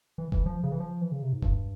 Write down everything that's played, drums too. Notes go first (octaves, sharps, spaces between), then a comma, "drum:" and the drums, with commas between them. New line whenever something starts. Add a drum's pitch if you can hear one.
E3
E3, drum: kick E1
F3
C#3
E3
F3
E3
C#3
C3
G#2
G2, drum: kick E1